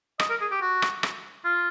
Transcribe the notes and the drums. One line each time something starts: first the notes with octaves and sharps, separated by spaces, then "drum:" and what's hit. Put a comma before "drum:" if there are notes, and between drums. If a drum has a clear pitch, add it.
D#5, drum: rim click
A#4
G#4
G4
F#4
drum: rim click
drum: rim click
F4